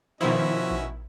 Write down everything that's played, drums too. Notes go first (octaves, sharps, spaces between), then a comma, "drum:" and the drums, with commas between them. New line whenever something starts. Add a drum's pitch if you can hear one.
B2 D#3 F3 C#4 E4 F#4 E5
drum: kick A#1